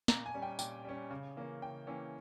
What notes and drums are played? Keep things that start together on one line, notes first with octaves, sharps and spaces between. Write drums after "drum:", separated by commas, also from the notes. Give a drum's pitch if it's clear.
A#2 A#5, drum: snare
G#5
G3 C#4
G5
A#2 G5, drum: tambourine
G3 C#4
C#3
E3 A#3 C#4
C#3 G5
E3 A#3 C#4